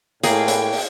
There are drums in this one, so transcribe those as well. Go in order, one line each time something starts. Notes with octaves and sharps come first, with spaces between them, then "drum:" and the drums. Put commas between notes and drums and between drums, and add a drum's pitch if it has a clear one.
A2 A#3 G#4 G5, drum: hi-hat
drum: hi-hat
drum: open hi-hat